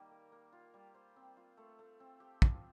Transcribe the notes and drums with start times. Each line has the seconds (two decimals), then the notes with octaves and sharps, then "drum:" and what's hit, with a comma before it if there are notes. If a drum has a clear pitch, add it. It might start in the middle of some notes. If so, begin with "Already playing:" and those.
Already playing: D#3 G3 A#3
0.11 A#4
0.32 A#3
0.53 F4
0.74 G3
0.94 C5
1.16 C4
1.37 F4
1.57 A3
1.79 A3
2.00 C4
2.20 G4
2.42 F3, drum: kick